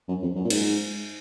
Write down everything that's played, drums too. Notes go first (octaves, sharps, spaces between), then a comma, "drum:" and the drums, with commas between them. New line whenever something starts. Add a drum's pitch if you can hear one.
F#2
F2
F#2
A#2
G#2, drum: cymbal